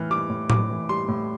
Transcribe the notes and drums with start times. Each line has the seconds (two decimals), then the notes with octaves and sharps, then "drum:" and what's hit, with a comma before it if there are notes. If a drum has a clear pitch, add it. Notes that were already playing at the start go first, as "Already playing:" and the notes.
Already playing: A2 E3 F6
0.10 G3 D6
0.29 A2
0.50 A2 D6, drum: tom A2
0.70 E3
0.89 G3 C6
1.08 A2